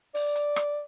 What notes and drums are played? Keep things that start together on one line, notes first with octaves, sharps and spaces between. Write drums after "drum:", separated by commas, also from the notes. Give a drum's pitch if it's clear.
D5, drum: open hi-hat
drum: hi-hat
drum: rim click